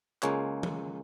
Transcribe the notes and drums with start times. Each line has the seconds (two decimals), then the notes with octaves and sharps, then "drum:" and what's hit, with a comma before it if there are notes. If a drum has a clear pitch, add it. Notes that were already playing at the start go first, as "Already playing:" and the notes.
0.23 C#2 G#3 A#3 C#5, drum: clap
0.63 drum: tom E3